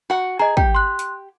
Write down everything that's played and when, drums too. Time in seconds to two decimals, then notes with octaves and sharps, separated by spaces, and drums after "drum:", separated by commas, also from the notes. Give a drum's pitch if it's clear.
0.10 F#4 F#5
0.39 G#4 D#5 A#5
0.57 G4 G5, drum: kick
0.75 C6 F#6
0.99 drum: hi-hat